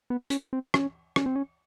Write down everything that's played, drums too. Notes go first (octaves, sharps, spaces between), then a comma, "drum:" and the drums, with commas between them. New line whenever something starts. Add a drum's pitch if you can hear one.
B3
C#4, drum: hi-hat
C4
C#4, drum: rim click
C#4, drum: rim click
C4
C#4